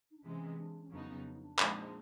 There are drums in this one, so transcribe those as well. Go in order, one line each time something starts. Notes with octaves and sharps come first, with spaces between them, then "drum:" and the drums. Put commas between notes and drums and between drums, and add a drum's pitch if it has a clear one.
D#4
D4
C3 E3 G#3 C#4
D4
C#4
F2 C#3 F#3 B3 D4 D#4
C#4
D4
D#4
D4
A#2 F3 G#3 C4 D#4, drum: clap